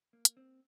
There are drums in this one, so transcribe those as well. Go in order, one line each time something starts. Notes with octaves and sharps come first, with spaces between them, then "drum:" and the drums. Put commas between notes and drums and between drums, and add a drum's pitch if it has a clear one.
A#3
drum: hi-hat
C4